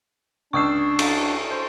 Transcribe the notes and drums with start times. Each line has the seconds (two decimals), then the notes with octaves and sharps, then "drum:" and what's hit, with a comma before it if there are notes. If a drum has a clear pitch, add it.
0.53 C#2 D4 C#6 D#6 E6 C7
0.99 drum: cymbal
1.51 C5